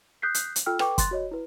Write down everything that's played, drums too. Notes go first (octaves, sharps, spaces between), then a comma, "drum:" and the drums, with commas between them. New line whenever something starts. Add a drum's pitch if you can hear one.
D#6 F#6 G6 B6 C7
drum: hi-hat
drum: hi-hat
F4 A4 G5 E6 F6
A4 B4 G5 C#6 D6, drum: rim click
C6 F#6 A6, drum: kick, hi-hat
F#4 C#5 D#5
E4 B4